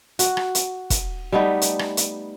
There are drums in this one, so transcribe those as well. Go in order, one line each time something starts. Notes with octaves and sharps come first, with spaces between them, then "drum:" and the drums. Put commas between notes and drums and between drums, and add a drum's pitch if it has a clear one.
F#4, drum: hi-hat
drum: rim click
drum: hi-hat
drum: kick F1, hi-hat
G3 A3 B3 D#4
drum: hi-hat
drum: rim click
drum: hi-hat